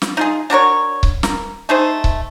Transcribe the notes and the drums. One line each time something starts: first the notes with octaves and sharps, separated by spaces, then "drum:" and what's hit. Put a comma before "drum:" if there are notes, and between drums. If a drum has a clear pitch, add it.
drum: snare
D#4 F4 G#4
D4 F#4 A#4 C#5
drum: kick C#1
A#4, drum: snare
A3 D#4 G#4 C5
drum: kick C#1